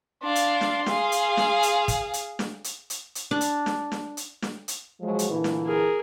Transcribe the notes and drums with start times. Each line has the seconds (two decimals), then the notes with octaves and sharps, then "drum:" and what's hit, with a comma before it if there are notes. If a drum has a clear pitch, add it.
0.23 D4 F5 C6
0.35 drum: hi-hat
0.61 drum: snare
0.86 G#4 F5, drum: snare
1.12 drum: hi-hat
1.37 drum: snare
1.63 drum: hi-hat
1.88 drum: kick, hi-hat
2.14 drum: hi-hat
2.39 drum: snare
2.64 drum: hi-hat
2.90 drum: hi-hat
3.15 drum: hi-hat
3.31 D4
3.41 drum: hi-hat
3.66 drum: snare
3.92 drum: snare
4.17 drum: hi-hat
4.42 drum: snare
4.68 drum: hi-hat
5.00 F3 F#3 G#3
5.19 drum: hi-hat
5.30 A#2 D3 E3
5.44 drum: snare
5.66 G#4 A#4